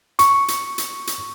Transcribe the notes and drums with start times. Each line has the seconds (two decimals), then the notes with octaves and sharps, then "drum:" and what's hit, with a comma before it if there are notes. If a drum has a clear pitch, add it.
0.19 C#6, drum: hi-hat
0.48 drum: hi-hat
0.78 drum: hi-hat
1.07 drum: hi-hat